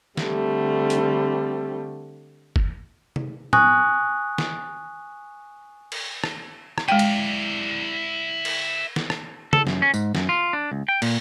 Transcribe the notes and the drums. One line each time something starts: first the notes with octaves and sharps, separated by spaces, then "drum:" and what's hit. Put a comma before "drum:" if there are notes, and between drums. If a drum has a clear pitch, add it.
D3 G3 A3 C4, drum: snare
drum: hi-hat
drum: kick
drum: tom C3
G#5 C#6 D#6 F#6 A#6, drum: tom
drum: snare
drum: cymbal
drum: rim click
drum: rim click
G#3 E4 D5 G5
drum: cymbal
drum: cymbal
drum: snare
drum: rim click
A4, drum: tom C#3
F#2, drum: snare
C#4
G#2, drum: tambourine
F#2, drum: snare
F4
D4
C#2
G5
A#2, drum: cymbal